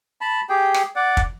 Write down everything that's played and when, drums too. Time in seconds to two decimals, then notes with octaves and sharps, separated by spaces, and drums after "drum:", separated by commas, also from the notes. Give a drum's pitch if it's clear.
0.21 A5 B5
0.49 G4 G#4 G5
0.74 drum: rim click
0.96 D5 F#5
1.17 drum: kick